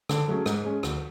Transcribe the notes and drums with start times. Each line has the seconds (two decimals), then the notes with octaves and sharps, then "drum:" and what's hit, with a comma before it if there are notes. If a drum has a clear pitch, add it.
0.09 D3, drum: rim click
0.28 F#3 A3 C#4 G#4
0.46 G#2, drum: rim click
0.65 G#3 C#4
0.83 D2, drum: rim click